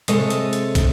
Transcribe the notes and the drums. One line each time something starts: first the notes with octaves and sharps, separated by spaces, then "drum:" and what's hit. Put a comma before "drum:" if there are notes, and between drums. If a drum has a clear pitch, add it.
C3 G#3 A4 C#5 D#5, drum: hi-hat
drum: hi-hat
drum: hi-hat
drum: kick, hi-hat